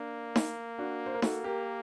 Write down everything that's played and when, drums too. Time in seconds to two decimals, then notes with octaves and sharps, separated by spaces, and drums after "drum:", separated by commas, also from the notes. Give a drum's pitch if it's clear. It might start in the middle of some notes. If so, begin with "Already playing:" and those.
Already playing: A#3 D4
0.36 drum: snare D#4
0.79 D4 F#4
1.06 C5
1.15 A#4
1.22 A#3 F#4 A4, drum: snare D#4
1.44 G4 A#4